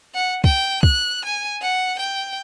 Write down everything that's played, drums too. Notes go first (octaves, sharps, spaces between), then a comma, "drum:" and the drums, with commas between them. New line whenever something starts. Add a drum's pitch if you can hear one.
F#5
G5, drum: kick
F#6, drum: kick
G#5
F#5
G5